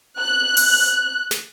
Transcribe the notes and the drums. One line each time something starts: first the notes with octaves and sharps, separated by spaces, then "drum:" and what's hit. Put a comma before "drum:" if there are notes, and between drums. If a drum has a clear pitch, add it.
F#6
drum: open hi-hat
drum: snare